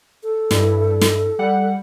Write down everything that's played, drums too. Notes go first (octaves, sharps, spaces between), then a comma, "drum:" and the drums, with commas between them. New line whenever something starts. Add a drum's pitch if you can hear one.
A4
G2 E4, drum: snare
drum: snare
G3 F#5